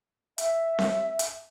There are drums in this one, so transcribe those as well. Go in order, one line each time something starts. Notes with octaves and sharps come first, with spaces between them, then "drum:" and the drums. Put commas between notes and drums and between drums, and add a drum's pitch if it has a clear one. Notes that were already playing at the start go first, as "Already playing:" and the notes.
E5, drum: hi-hat
drum: snare C4
drum: hi-hat